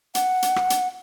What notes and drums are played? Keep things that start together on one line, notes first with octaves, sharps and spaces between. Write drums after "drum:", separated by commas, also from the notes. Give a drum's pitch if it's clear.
F#5, drum: hi-hat
drum: hi-hat
drum: rim click
drum: hi-hat